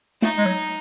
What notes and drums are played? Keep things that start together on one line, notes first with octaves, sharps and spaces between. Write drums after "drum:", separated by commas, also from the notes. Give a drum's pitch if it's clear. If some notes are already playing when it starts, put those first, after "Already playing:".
A3 D#4, drum: snare
G#3
F#3